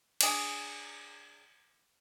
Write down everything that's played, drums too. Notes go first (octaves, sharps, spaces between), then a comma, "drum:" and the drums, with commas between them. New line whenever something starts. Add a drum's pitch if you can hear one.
D4 G#4, drum: cymbal